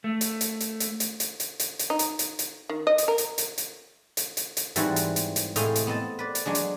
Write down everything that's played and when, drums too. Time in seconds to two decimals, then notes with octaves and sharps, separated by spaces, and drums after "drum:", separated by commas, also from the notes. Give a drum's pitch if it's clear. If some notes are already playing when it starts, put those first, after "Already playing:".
0.04 A3
0.21 drum: hi-hat
0.41 drum: hi-hat
0.60 drum: hi-hat
0.80 drum: hi-hat
1.00 drum: hi-hat
1.20 drum: hi-hat
1.40 drum: hi-hat
1.60 drum: hi-hat
1.79 drum: hi-hat
1.90 D#4
1.99 drum: hi-hat
2.19 drum: hi-hat
2.39 drum: hi-hat
2.69 D#3
2.87 D#5
2.98 drum: hi-hat
3.08 A#4
3.18 drum: hi-hat
3.38 drum: hi-hat
3.58 drum: hi-hat
4.17 drum: hi-hat
4.37 drum: hi-hat
4.57 drum: hi-hat
4.76 G#2 E3 G3 C4 F#4, drum: hi-hat
4.96 drum: hi-hat
5.16 drum: hi-hat
5.36 drum: hi-hat
5.56 A2 C3 G#3 D#5 F5 G5, drum: hi-hat
5.76 drum: hi-hat
5.87 B3 C4 D#5 A5
6.19 B4 D5
6.35 drum: hi-hat
6.46 F#3 G#3 D4
6.55 drum: hi-hat